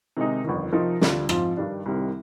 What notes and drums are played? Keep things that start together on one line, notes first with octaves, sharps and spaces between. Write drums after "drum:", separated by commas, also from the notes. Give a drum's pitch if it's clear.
C3 D#3 G#3 D#4
G1 F2 D#3
C3 F3 C4 D#4 A#4
D2 D3 G3 D4 F4, drum: snare
G#2 F3 C4 F4, drum: rim click
G2 D#3 G3 D4
C2 C3 D#3 G3 C4